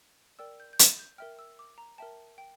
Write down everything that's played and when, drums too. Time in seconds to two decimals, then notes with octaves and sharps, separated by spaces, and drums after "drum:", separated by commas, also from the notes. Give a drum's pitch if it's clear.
0.39 A#4 D5 G5 E6
0.60 G6
0.73 G6
0.79 A6, drum: hi-hat
0.99 G6
1.18 A#4 E5 G5 F6
1.39 E6
1.59 D6
1.78 A#5
1.98 A#4 E5 G5 A5
2.38 G5